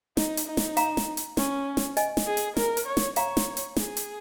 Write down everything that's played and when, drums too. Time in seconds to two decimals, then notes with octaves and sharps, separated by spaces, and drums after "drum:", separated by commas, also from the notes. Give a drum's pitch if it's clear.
0.17 D#4, drum: snare
0.37 drum: hi-hat
0.47 D#4
0.57 drum: snare
0.77 F5 A#5, drum: hi-hat
0.97 drum: snare
1.17 drum: hi-hat
1.37 C#4, drum: snare
1.77 drum: snare
1.97 D#5 G#5, drum: hi-hat
2.17 drum: snare
2.27 G#4
2.37 drum: hi-hat
2.57 A#4, drum: snare
2.77 drum: hi-hat
2.87 C#5
2.97 drum: snare
3.16 C#5 F5 A#5, drum: hi-hat
3.37 drum: snare
3.57 drum: hi-hat
3.77 G#4, drum: snare
3.97 drum: hi-hat